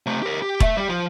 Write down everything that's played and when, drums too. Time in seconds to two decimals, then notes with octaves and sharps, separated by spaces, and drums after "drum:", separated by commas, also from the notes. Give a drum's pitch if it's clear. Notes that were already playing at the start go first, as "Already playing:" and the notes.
0.06 C3 A3
0.23 G4 A#4
0.42 G4
0.60 A3 E5, drum: kick E1
0.77 G3 G4
0.89 F3